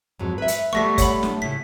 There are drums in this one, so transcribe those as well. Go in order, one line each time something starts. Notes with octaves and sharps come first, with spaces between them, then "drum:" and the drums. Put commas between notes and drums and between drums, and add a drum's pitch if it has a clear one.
F2 G#2 F#3
B4 E5
drum: hi-hat
G3 A3 B3 C#6 A#6 B6
C#5 F#5 B5, drum: kick, hi-hat
drum: snare
A2 C#3 B6